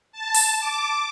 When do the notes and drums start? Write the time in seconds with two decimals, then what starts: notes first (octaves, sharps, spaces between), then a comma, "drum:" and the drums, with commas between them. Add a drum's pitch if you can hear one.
0.12 A5
0.35 drum: open hi-hat
0.60 D6